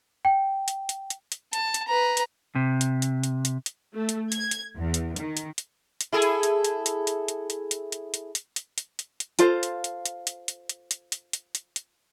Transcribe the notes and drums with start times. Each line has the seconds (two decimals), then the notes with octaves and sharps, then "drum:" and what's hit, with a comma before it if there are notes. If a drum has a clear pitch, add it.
0.25 G5
0.68 drum: hi-hat
0.89 drum: hi-hat
1.10 drum: hi-hat
1.32 drum: hi-hat
1.53 A5, drum: hi-hat
1.74 drum: hi-hat
1.88 B4 A#5
2.17 drum: hi-hat
2.55 C3
2.81 drum: hi-hat
3.02 drum: hi-hat
3.24 drum: hi-hat
3.45 drum: hi-hat
3.66 drum: hi-hat
3.94 A3
4.09 drum: hi-hat
4.32 G#6, drum: hi-hat
4.51 drum: hi-hat
4.76 E2
4.94 drum: hi-hat
5.16 D#3, drum: hi-hat
5.37 drum: hi-hat
5.58 drum: hi-hat
6.01 drum: hi-hat
6.12 E4 G#4 A4
6.22 drum: hi-hat
6.43 drum: hi-hat
6.65 drum: hi-hat
6.86 drum: hi-hat
7.07 drum: hi-hat
7.28 drum: hi-hat
7.50 drum: hi-hat
7.71 drum: hi-hat
7.92 drum: hi-hat
8.14 drum: hi-hat
8.35 drum: hi-hat
8.56 drum: hi-hat
8.78 drum: hi-hat
8.99 drum: hi-hat
9.20 drum: hi-hat
9.39 F4 A4 C5 F5, drum: hi-hat
9.63 drum: hi-hat
9.84 drum: hi-hat
10.06 drum: hi-hat
10.27 drum: hi-hat
10.48 drum: hi-hat
10.69 drum: hi-hat
10.91 drum: hi-hat
11.12 drum: hi-hat
11.33 drum: hi-hat
11.55 drum: hi-hat
11.76 drum: hi-hat